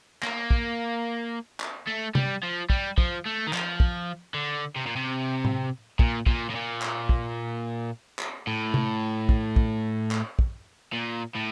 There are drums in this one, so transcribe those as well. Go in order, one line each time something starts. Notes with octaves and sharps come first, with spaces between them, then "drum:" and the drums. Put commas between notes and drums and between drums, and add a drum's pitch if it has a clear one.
A#3, drum: clap
drum: kick
drum: clap
A3
G3, drum: tom C3
F3
G3, drum: kick
F3, drum: kick
A3
D#3
F3, drum: clap
drum: kick
D3
C3
A#2
C3
drum: tom A2
A#2, drum: kick
A#2, drum: kick
A2
A#2
drum: clap
drum: kick
drum: clap
A2
drum: tom C3
drum: kick
drum: kick
drum: clap
drum: kick
A#2
A2